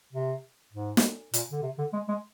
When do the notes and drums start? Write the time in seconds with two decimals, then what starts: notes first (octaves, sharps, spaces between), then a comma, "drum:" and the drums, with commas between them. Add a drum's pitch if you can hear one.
0.13 C3
0.73 G#2
0.97 drum: snare
1.34 A#2, drum: hi-hat
1.52 D3
1.62 C3
1.78 D3
1.93 G#3
2.08 G#3